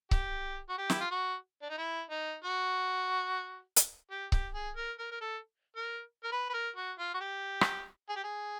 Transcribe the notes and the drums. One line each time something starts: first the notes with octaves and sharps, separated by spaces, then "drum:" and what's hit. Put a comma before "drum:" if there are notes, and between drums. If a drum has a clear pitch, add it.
G4, drum: kick C#1
F#4
G4
E4, drum: snare
F4
F#4
D4
D#4
E4
D#4
F#4
drum: hi-hat
G4
G4, drum: kick C#1
G#4
A#4
A#4
A#4
A4
A#4
A#4
B4
B4
A#4
F#4
F4
F#4
G4
drum: rim click
G#4
G4
G#4